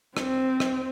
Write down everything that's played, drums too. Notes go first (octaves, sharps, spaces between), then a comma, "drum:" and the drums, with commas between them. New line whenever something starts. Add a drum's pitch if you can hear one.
C4, drum: rim click
drum: rim click